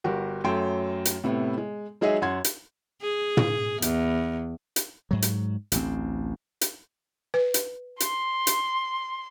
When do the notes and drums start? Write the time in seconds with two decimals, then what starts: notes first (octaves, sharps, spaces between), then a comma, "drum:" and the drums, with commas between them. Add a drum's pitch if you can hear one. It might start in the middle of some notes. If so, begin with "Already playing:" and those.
0.04 G1 F#4 G4 A#4
0.44 F#2 F#3 A3 G5 C6
1.05 drum: hi-hat
1.24 A2 C3 B3 E4
1.58 G#3
2.01 F#3 G#3 D#4 G#4 D#5 E5
2.22 F#2 F#5 C6 G#6
2.44 drum: hi-hat
3.02 G#4
3.37 drum: tom
3.82 E2, drum: hi-hat
4.76 drum: hi-hat
5.11 G#2 F#3
5.22 drum: hi-hat
5.72 A1 D2 C4, drum: hi-hat
6.61 drum: hi-hat
7.34 B4
7.54 drum: hi-hat
8.00 C6, drum: hi-hat
8.47 drum: hi-hat